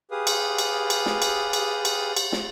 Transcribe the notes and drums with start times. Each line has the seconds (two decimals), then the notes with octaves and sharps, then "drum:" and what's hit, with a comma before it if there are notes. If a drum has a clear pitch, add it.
0.11 G4 G#4 B4 F5 D#6
0.27 drum: cymbal
0.58 drum: cymbal
0.90 drum: cymbal
1.06 drum: snare
1.22 drum: cymbal
1.53 drum: cymbal
1.85 drum: cymbal
2.17 drum: cymbal
2.32 drum: snare